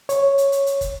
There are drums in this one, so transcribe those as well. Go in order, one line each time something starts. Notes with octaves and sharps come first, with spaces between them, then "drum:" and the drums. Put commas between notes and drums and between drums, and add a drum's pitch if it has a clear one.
C#5, drum: hi-hat
drum: hi-hat
drum: hi-hat
drum: hi-hat
drum: kick, hi-hat